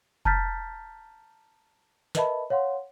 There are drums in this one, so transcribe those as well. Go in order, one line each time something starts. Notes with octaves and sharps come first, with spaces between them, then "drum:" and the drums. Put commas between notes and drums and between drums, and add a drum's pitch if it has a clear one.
A5 A#5 F6 G6 A6 B6, drum: kick F1
A#4 B4 D#5 E5 A5 B5, drum: snare
C#5 F5 F#5 C6